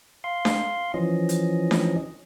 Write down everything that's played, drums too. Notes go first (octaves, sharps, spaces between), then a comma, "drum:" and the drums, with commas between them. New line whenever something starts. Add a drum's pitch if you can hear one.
F5 C6
drum: snare D4
E3 F3 C#4 D#5
drum: hi-hat
drum: snare D4